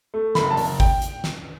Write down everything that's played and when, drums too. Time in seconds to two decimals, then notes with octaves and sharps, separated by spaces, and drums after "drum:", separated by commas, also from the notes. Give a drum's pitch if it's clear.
0.14 A3
0.35 F#1 B5, drum: snare
0.50 A5
0.57 F#1, drum: open hi-hat
0.80 G5, drum: kick G#1
1.02 drum: hi-hat
1.24 drum: snare